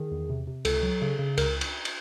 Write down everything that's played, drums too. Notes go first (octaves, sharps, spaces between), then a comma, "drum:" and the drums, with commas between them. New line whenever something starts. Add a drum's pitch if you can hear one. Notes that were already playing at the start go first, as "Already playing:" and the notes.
Already playing: D#3 G#4
E2
C3
C3
C#2 A4, drum: cymbal
F#3
C#3
C#3
C#2 A#4, drum: cymbal
drum: cymbal
drum: cymbal